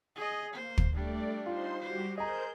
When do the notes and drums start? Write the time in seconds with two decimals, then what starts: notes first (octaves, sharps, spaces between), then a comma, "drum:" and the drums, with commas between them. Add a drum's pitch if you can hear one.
0.16 G#4 D#5
0.53 A#3 C5
0.78 drum: kick
0.95 G3 A3 D4 D5
1.46 D#4 F4 C5 C6
1.80 G3 F#4 G4 C5
2.18 G#4 A#4 C5 D#5 A#5 G6